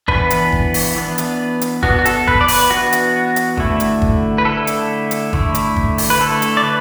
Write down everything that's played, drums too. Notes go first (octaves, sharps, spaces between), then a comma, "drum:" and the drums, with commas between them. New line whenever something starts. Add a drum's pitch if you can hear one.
E3 B3 D4 B4, drum: kick
drum: hi-hat
drum: kick
drum: open hi-hat
E3 B3 D4
drum: hi-hat
drum: hi-hat
E3 B3 D4 F#4, drum: kick
F#4
A4, drum: hi-hat
B4, drum: kick
D5
B4, drum: open hi-hat
E3 B3 D4 F#4
drum: hi-hat
drum: hi-hat
D3 A3 E4, drum: kick
drum: hi-hat
drum: kick
B4
D3 A3 E4 A4
drum: hi-hat
drum: hi-hat
D3 A3 E4, drum: kick
drum: hi-hat
drum: kick
drum: open hi-hat
B4
D3 A3 E4 A4
drum: hi-hat
D5
B4